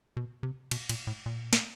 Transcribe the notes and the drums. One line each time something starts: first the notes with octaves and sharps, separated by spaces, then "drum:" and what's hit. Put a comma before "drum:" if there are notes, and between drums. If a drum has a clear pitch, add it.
B2
C3
B2, drum: cymbal
A#2, drum: cymbal
A2
A#2
drum: snare